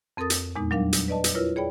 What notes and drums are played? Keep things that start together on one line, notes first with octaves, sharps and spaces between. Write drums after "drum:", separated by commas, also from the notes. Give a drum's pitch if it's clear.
F2 C4 A4 A#4 D#6 A6
drum: hi-hat
E2 A#2 G#3 B3 D#4
F#3 G3 D4 A#4 F5
drum: hi-hat
B4 D5 D#5 A5
drum: hi-hat
E4 F4 A#4 B4 C#5
G#4 C#5 D5 G5 B5